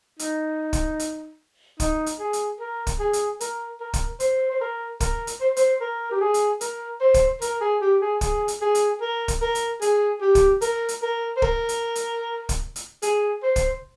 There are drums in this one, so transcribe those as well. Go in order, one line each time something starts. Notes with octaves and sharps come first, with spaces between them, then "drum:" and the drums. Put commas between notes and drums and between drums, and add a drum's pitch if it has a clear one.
D#4, drum: hi-hat
drum: kick, hi-hat
drum: hi-hat
D#4, drum: kick, hi-hat
drum: hi-hat
G#4
drum: hi-hat
A#4
drum: kick, hi-hat
G#4
drum: hi-hat
A#4, drum: hi-hat
A#4
drum: kick, hi-hat
C5, drum: hi-hat
C5
A#4
A#4, drum: kick, hi-hat
drum: hi-hat
C5
C5, drum: hi-hat
A#4
G4
G#4
drum: hi-hat
A#4, drum: hi-hat
C5
drum: kick, hi-hat
A#4, drum: hi-hat
G#4
G4
G#4
G#4, drum: kick, hi-hat
drum: hi-hat
G#4
drum: hi-hat
A#4
drum: kick, hi-hat
A#4
drum: hi-hat
G#4, drum: hi-hat
G4
drum: kick, hi-hat
A#4, drum: hi-hat
drum: hi-hat
A#4
C5
A#4, drum: kick
drum: hi-hat
drum: hi-hat
drum: kick, hi-hat
drum: hi-hat
G#4, drum: hi-hat
C5
drum: kick, hi-hat